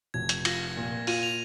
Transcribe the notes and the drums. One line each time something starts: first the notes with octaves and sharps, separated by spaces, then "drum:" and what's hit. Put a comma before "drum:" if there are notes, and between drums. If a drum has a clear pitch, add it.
F1 G#6
drum: hi-hat
F4 A#6, drum: cymbal
A#2
F4 D#7, drum: open hi-hat
F7